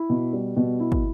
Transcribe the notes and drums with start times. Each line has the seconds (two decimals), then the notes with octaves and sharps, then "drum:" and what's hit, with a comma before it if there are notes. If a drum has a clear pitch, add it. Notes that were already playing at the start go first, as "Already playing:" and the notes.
Already playing: E4
0.10 B2
0.33 G3
0.57 B2
0.80 E4
0.92 drum: kick